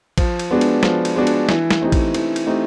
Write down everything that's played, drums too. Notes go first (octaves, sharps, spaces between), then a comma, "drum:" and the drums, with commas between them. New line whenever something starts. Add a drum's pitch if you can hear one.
F3, drum: kick, cymbal
drum: cymbal
G#3 B3 D4 F#4
drum: cymbal
F3, drum: snare
drum: cymbal
G#3 B3 D4 F#4
drum: cymbal
E3, drum: snare
drum: snare
A3 C4 D#4 G4
drum: kick, cymbal
E3, drum: cymbal
drum: cymbal
A3 C4 D#4 G4